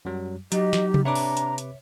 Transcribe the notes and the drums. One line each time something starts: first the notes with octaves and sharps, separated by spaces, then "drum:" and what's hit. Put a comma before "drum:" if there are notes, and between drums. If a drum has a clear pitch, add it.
F#2 F#3 G3
F#3 D#4 G4 D#5, drum: hi-hat
drum: snare
drum: tom C3
C3 D4 B4 C#5 E5 A#5 D6
drum: open hi-hat
drum: hi-hat
drum: hi-hat